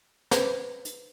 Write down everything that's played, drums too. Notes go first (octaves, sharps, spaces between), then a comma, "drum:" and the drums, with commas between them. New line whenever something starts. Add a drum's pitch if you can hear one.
B4 C5, drum: snare
drum: hi-hat